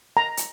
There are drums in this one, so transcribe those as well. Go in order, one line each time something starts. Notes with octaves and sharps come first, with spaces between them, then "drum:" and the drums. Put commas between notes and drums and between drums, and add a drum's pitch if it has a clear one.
A#5
drum: hi-hat